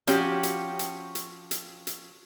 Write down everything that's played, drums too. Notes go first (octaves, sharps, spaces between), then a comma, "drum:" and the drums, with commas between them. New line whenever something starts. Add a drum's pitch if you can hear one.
F3 C#4 F#4 G4, drum: hi-hat
drum: hi-hat
drum: hi-hat
drum: hi-hat
drum: hi-hat
drum: hi-hat